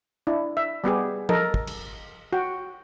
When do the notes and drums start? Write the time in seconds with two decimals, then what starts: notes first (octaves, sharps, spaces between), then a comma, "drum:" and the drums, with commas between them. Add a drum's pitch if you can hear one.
0.27 D4 E4
0.57 E5
0.84 G3 B3 G4 G#4
1.29 A4 A#4 D#5, drum: tom
1.54 drum: kick
1.67 drum: cymbal
2.33 F#4 G5